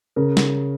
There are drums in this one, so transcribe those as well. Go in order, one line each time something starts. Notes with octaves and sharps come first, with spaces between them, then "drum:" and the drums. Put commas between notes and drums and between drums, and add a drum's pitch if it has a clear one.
C#3 A#4
drum: snare